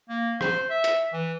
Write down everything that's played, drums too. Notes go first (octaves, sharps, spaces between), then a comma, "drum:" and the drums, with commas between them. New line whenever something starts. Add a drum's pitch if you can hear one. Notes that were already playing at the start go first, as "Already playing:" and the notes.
A#3
C5, drum: rim click
E5
drum: hi-hat
E3